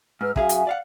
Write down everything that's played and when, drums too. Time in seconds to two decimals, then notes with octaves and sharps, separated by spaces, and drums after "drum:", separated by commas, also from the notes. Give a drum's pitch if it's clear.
0.21 G#2 B4 E6 F6
0.36 F#2 F#4 G#4 E5 F5 G#5, drum: kick
0.49 drum: hi-hat
0.67 D5 F5 F#5